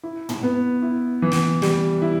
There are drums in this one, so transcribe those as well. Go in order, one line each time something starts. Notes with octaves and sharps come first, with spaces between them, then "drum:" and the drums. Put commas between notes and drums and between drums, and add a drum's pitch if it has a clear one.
E4
drum: tom
B3
E4
E3
drum: snare
G3, drum: snare
E4